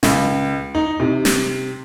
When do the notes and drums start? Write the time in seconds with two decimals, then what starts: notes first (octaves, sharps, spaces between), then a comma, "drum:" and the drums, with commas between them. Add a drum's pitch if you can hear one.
0.03 C#2, drum: snare
0.75 D#4
1.00 C3
1.25 drum: snare